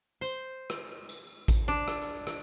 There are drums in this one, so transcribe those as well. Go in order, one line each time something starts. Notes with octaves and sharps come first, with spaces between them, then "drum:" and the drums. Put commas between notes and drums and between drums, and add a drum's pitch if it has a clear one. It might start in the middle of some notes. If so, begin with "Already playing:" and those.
C5
drum: rim click
drum: tambourine
drum: kick A1, tambourine
D4
drum: rim click
drum: rim click